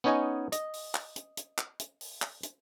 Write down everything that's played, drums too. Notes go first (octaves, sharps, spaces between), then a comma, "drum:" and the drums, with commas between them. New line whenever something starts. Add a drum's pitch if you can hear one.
B3 C#4 D#4 C#5 D#5 G#5
D#5, drum: hi-hat
drum: open hi-hat
drum: clap
drum: hi-hat
drum: hi-hat
drum: clap
drum: hi-hat
drum: open hi-hat
drum: clap
drum: hi-hat